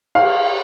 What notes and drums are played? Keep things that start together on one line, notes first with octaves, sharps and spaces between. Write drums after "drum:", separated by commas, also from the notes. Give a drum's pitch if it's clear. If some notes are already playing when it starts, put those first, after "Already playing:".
F5, drum: cymbal